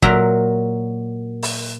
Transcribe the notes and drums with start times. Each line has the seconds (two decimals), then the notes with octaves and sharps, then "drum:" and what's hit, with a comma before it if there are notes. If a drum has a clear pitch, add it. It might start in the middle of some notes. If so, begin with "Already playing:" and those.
0.02 A#2 F#3 F#4 A#4 E5 A#5, drum: kick G1
1.43 drum: open hi-hat